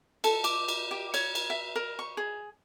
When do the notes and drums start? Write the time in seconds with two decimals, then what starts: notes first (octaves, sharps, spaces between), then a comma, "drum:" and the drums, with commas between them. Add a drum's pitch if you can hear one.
0.24 A4, drum: cymbal
0.44 D6, drum: cymbal
0.68 drum: cymbal
0.91 G4
1.14 C#5, drum: cymbal
1.35 drum: cymbal
1.50 E5
1.76 A#4
1.99 C#6
2.17 G#4